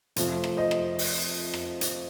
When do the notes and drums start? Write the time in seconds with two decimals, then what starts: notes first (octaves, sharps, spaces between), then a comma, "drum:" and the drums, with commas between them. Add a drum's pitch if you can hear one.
0.16 F2 C3 F3 A3 F4, drum: hi-hat
0.44 drum: rim click
0.57 C5 D#5
0.71 drum: rim click
0.99 drum: open hi-hat
1.54 drum: rim click
1.81 drum: hi-hat